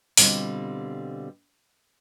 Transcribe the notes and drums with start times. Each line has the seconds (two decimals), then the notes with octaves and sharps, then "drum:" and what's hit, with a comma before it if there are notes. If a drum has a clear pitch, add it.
0.17 B2 D3 G3 C4 F4, drum: open hi-hat